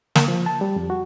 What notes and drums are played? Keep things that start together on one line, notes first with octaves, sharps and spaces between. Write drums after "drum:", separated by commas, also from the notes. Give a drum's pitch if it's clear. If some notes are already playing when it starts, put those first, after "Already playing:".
A#3, drum: snare
F3
A5
G3
F2
F#4